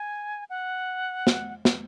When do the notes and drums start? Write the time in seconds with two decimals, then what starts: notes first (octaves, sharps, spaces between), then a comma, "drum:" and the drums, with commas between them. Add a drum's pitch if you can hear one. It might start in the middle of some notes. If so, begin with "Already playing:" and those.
Already playing: G#5
0.50 F#5
1.27 drum: snare
1.65 drum: snare